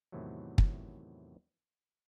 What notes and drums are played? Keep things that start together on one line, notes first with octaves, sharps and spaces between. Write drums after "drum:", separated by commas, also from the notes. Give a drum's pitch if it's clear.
E2 A2 C3 D#3 E3 F#3
drum: kick